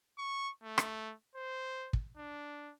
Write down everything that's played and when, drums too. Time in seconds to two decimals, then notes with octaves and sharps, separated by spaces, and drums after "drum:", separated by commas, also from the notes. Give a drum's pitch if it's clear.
0.18 C#6
0.63 A3
0.78 drum: rim click
1.35 C5
1.93 drum: kick
2.17 D4